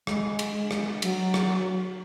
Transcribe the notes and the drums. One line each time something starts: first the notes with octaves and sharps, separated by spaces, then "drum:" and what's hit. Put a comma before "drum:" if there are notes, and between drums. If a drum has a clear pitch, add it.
G#3, drum: rim click
drum: cymbal
drum: rim click
F#3, drum: cymbal
drum: rim click